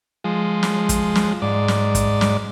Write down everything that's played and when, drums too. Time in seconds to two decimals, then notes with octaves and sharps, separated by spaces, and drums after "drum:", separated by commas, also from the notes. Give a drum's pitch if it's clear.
0.24 F3 G#3
0.63 drum: snare
0.89 drum: kick, hi-hat
1.15 drum: snare
1.42 G#2 D5
1.68 drum: snare
1.95 drum: kick, hi-hat
2.21 drum: snare